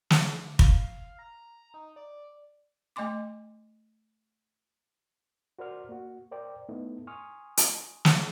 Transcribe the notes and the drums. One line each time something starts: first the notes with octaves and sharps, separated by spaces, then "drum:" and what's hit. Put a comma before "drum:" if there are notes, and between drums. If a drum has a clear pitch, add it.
D3, drum: snare
F5, drum: kick
A#5
D#4
D5
A3 D#5 G#5 C6 D6
F#4 A#4 C5 D5 C6 F6
A#3 F#4
A#4 C5 D5 G5
A3 B3 D#4 E4 A4
G#5 C6 C#6 D#6 F6
drum: hi-hat
drum: snare